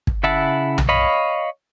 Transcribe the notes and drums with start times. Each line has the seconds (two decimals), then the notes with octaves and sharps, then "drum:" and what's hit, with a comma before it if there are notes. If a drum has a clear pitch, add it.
0.07 drum: kick
0.23 C#3 E4 E5 F#5 A5
0.78 drum: tom B1
0.89 C#5 D#5 F5 B5